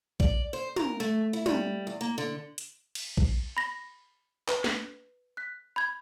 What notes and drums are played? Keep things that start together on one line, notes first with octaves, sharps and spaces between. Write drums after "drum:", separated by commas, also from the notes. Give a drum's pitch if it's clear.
D5, drum: kick A#1
C5
A#4, drum: tom
A3
E4
G3, drum: tom
E2
A#3
D3
drum: hi-hat
drum: cymbal
drum: kick A#1
B5 A#6
B4, drum: clap
drum: snare
F#6 B6
B5 G6 G#6